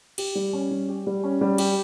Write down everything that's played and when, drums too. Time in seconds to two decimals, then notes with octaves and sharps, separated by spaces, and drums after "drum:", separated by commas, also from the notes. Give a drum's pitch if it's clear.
0.18 G4, drum: cymbal
0.35 G3
0.53 C#4
0.71 G3
0.89 G4
1.07 G3
1.24 C#4
1.41 G3
1.58 G4, drum: cymbal